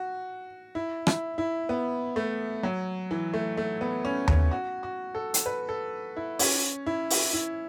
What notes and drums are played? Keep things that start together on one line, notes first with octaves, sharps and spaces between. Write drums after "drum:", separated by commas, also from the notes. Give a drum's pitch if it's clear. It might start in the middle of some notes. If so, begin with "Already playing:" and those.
Already playing: F#4
E4
E4, drum: rim click
E4
B3
A3
F#3
E3
A3
A3
B3
C#4
C#4, drum: tom D#2
F#4
F#4
A4
drum: hi-hat
B4
A4
E4
C#4, drum: open hi-hat
E4
drum: open hi-hat
E4